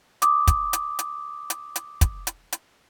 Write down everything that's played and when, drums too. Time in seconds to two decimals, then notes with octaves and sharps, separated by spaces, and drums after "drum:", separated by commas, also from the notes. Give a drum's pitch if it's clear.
0.22 D6 D#6, drum: hi-hat
0.47 drum: kick, hi-hat
0.73 drum: hi-hat
0.99 drum: hi-hat
1.50 drum: hi-hat
1.76 drum: hi-hat
2.01 drum: kick, hi-hat
2.27 drum: hi-hat
2.52 drum: hi-hat